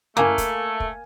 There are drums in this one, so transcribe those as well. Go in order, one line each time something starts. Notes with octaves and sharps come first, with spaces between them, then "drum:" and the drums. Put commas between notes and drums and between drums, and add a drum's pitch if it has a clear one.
A3 A#3 F5 G#5
drum: kick, hi-hat
drum: kick